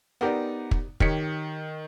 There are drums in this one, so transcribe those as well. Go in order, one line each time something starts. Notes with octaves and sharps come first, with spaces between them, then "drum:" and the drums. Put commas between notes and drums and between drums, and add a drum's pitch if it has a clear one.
B3 D#4 G4 A#4 C5 D5
drum: kick
D#3 G4 C#5 D#5 B6 C#7, drum: kick